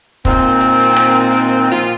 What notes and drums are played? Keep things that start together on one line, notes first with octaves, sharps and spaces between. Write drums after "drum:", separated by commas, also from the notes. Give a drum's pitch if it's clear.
A#2 D#3 C4, drum: kick, hi-hat
drum: hi-hat
drum: rim click
drum: hi-hat
A#2 F3 F4